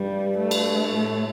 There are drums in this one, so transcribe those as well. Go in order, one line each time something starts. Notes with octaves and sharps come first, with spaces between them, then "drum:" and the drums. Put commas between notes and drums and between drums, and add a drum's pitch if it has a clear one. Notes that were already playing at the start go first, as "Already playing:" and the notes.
Already playing: G2 G3
A3
drum: cymbal
A2